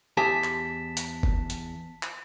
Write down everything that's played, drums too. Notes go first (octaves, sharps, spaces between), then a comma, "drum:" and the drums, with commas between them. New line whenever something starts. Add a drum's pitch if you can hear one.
E2 G4 G#5 A5 B6
drum: clap
drum: hi-hat
drum: kick F#1
drum: hi-hat
drum: clap